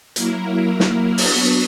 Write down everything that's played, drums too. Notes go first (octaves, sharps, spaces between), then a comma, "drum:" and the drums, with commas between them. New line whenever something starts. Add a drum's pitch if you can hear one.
F#3 A#3 E4 A#4, drum: hi-hat
drum: snare
F#3 B3 D4 F#4 B4, drum: open hi-hat